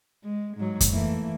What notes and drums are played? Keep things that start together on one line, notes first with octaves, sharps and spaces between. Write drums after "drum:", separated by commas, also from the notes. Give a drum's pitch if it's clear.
G#3
G#2 F#3
drum: kick F#2, hi-hat
E3 A3 A#3